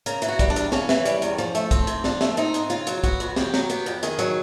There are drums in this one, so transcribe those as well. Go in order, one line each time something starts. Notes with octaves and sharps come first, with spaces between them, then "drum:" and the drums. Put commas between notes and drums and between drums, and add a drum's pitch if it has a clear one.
C#3 A#4, drum: hi-hat
E3, drum: hi-hat
F#4
G3, drum: kick, hi-hat
D4
E2, drum: hi-hat
C#3 C#4, drum: snare
E3, drum: snare
G3, drum: hi-hat
E2, drum: hi-hat
F3, drum: hi-hat
A3, drum: hi-hat
C4, drum: kick, hi-hat
G#2, drum: hi-hat
F3 D4, drum: snare
A3, drum: snare
C4 D#4, drum: hi-hat
G#2, drum: hi-hat
C#3 F4, drum: hi-hat
F#3, drum: hi-hat
B3 F#4, drum: kick, hi-hat
F2, drum: hi-hat
C#3 G4, drum: snare
F#3, drum: snare
B3 G4, drum: hi-hat
F2, drum: hi-hat
D#3 G#4, drum: hi-hat
F#3, drum: hi-hat